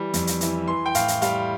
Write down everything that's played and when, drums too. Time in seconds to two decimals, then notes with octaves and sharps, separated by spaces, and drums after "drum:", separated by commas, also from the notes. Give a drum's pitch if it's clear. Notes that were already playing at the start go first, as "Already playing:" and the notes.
Already playing: E3 G3
0.14 F2, drum: hi-hat
0.27 drum: hi-hat
0.41 E3, drum: hi-hat
0.67 E3 C6
0.86 G5
0.95 A2 F5, drum: hi-hat
1.08 drum: hi-hat
1.22 G3 F5, drum: hi-hat